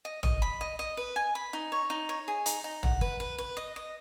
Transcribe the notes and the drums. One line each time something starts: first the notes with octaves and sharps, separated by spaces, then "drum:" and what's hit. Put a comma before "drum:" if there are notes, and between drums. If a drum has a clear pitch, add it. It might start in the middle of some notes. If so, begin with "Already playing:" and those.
D#5
D#5, drum: tom
B5
D#5
D#5
B4
G#5
B5
D#4
C#5
D#4
C#5
G#4
D#4, drum: hi-hat
D#4
F#5, drum: tom
B4, drum: kick
B4
B4
D#5
D#5